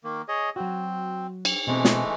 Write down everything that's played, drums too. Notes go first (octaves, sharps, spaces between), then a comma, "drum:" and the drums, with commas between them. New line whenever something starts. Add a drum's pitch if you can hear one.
D#3 A#3
G#4 C#5 D#5
F#3 C4 F#4
drum: cymbal
B2 E3 G#3 A3 C4
drum: snare